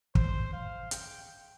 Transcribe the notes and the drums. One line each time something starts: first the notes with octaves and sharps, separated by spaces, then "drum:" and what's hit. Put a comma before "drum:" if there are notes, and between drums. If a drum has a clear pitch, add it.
C5, drum: kick
F5
G5, drum: hi-hat